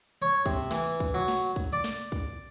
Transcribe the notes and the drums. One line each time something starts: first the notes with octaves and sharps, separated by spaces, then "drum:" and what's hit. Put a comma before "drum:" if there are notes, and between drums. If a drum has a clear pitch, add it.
C#5
C3, drum: kick
E3, drum: snare
drum: kick
F#3
drum: snare
drum: kick
D5
drum: snare
drum: kick